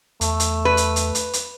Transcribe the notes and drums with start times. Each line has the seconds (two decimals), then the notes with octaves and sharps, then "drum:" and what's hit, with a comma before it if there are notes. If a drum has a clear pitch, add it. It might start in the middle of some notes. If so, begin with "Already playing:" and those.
0.21 E2 A3, drum: hi-hat
0.40 drum: hi-hat
0.65 B4
0.77 drum: hi-hat
0.96 drum: hi-hat
1.15 drum: hi-hat
1.33 drum: hi-hat